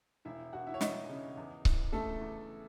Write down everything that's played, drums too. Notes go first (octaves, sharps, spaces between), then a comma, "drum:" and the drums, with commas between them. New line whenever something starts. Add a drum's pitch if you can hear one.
E1 E4 E5
D#2 F#4 F#5
E4 E5
C#5
E3 D#4 D#5, drum: snare
C#3
E2
E3, drum: kick C#1
C#3 A3 A4
E2